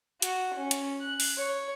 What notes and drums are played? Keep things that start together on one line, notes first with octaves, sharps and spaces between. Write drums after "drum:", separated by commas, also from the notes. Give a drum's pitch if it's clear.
F#4, drum: hi-hat
C#4
drum: hi-hat
F#6
drum: open hi-hat
C#5